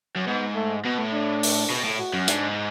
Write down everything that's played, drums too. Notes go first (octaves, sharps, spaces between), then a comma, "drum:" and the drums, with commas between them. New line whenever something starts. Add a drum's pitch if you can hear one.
F#2
G#2 B3
A3
B2 B3
A2
D4
drum: open hi-hat
B2
A2
F#4
F#2
G#2 D4, drum: hi-hat